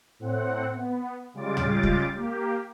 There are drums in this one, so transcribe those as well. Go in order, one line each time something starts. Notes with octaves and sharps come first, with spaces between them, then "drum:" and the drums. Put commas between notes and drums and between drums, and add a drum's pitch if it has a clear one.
A2 C4 F#5
B3
C#3 G3 G#3 F4 D6 A6
drum: tom
drum: kick
A#3 G4